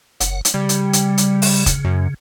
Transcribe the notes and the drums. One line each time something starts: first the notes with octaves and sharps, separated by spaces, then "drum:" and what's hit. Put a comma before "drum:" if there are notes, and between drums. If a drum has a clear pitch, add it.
F#1 F#5, drum: hi-hat
drum: hi-hat
C#3 G3
drum: hi-hat
drum: hi-hat
drum: hi-hat
drum: open hi-hat
drum: kick, hi-hat
F#2